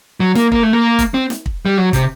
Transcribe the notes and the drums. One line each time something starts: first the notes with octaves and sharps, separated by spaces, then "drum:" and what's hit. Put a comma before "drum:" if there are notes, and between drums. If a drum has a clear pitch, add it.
F#3
A#3, drum: snare
A#3, drum: kick
A3
A#3
drum: kick, hi-hat
C4
drum: snare
drum: kick
G3
F#3
C3, drum: kick, hi-hat